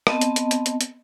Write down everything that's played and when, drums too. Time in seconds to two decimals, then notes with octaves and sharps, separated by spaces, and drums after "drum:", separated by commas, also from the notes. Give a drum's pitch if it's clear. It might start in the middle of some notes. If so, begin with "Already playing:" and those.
0.07 B3 C4 D#5 A5, drum: rim click
0.21 drum: hi-hat
0.36 drum: hi-hat
0.51 drum: hi-hat
0.66 drum: hi-hat
0.81 drum: hi-hat